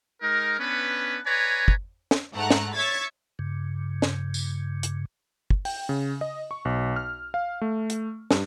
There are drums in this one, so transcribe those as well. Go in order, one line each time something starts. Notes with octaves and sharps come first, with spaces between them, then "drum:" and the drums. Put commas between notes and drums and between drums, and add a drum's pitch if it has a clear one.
G#3 D#4 A#4
B3 C#4 D4 B4
B4 C#5 D5 G#5 A#5
drum: kick
drum: snare
G#2 A3 F#5 A#5 F#6
drum: snare
C#5 E5 C#6 G#6 A6 B6
G2 C#3
drum: snare
drum: tambourine
drum: hi-hat
drum: kick
G5, drum: open hi-hat
C#3
D#5
C#6
B1
F6
F5
A3
drum: hi-hat
G2, drum: snare